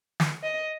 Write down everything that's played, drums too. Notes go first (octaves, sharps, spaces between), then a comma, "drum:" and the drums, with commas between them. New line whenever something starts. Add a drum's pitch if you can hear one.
drum: snare
D#5